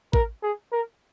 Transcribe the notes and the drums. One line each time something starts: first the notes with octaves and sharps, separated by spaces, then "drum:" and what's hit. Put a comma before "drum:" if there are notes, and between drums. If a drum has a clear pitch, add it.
A#4, drum: kick
G#4
A#4